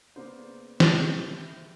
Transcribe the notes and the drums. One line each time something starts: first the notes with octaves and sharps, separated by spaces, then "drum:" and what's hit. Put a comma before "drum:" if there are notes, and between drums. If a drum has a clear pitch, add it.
C#3 A#3 B3 C5 D5
E4 G4, drum: snare